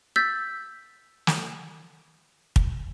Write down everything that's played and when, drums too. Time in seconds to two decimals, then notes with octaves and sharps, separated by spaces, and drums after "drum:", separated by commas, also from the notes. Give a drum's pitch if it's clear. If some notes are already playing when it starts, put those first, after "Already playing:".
0.16 E6 G6 A6 B6
1.27 drum: snare
2.56 drum: kick